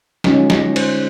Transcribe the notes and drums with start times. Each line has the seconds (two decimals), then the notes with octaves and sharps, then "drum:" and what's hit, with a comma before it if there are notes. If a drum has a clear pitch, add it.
0.24 D3 G3 G#3 C#4 D#4 F4, drum: snare
0.50 drum: snare
0.76 C5, drum: cymbal